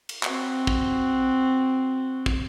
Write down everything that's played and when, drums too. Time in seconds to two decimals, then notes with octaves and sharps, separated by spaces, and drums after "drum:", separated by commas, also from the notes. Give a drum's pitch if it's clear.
0.09 drum: cymbal
0.23 C4 F#4, drum: clap
0.67 drum: kick
2.26 drum: kick